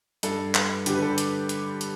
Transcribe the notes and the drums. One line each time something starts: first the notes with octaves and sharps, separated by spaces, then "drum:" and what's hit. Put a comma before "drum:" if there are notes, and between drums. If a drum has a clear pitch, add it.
G2 A4, drum: hi-hat
G2 B4, drum: clap
D3 G4, drum: hi-hat
B4
A4
drum: hi-hat
drum: hi-hat
drum: hi-hat